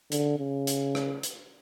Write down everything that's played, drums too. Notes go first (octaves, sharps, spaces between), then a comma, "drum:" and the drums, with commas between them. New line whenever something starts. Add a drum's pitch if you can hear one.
D3, drum: hi-hat
C#3
drum: hi-hat
drum: rim click
drum: hi-hat